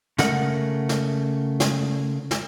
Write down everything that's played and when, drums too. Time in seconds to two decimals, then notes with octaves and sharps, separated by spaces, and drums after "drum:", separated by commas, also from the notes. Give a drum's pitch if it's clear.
0.18 C#3 A3 A#4 F#5, drum: snare
0.89 drum: snare
1.60 drum: snare
2.31 drum: snare